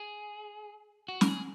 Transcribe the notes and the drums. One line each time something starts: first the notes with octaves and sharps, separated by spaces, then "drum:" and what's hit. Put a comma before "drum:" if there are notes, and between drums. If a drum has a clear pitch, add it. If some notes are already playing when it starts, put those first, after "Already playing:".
Already playing: G#4
F#4
A#4, drum: snare
G#4